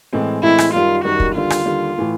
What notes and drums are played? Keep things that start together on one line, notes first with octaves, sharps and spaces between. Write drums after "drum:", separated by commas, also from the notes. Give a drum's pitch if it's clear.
A2 E3 G#3 C4
A2 E3 G#3 C4 E4
drum: rim click
F#2 D#3 G3 F4
F#2 D#3 G3 F#4
drum: kick
D#2 D3 G3 F4
drum: rim click
D#2 D3 G3
A2 E3 A3